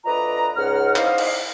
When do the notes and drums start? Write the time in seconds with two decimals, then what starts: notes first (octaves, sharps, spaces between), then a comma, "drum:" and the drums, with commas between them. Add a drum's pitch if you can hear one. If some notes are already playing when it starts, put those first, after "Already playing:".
0.05 D2 F4 B4 D5 D#5 A#5
0.57 C#2 G#2 F#5 F6
0.96 D#4 E4 C5 D5 D#5 F5, drum: clap
1.18 drum: cymbal